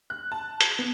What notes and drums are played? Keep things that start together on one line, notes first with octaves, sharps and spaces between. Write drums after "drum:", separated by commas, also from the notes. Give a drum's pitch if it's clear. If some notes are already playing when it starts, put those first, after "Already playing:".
F#6
A5
drum: hi-hat
B3